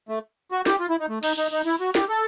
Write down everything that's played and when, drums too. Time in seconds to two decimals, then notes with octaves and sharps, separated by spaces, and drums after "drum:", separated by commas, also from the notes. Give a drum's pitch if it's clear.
0.09 A3
0.51 F#4
0.66 G4, drum: snare
0.80 F4
0.90 E4
0.99 D#4
1.09 A3
1.23 D#4, drum: cymbal
1.37 D#4
1.52 D#4
1.66 E4
1.80 F#4
1.95 G4, drum: snare
2.09 A4